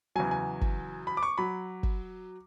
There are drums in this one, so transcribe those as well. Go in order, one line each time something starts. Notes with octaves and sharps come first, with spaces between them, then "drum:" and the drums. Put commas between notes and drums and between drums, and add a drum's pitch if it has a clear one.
E2 C#3 F#3 G#5
G#5
drum: kick
B5
D6
C#6
F#3 B5
drum: kick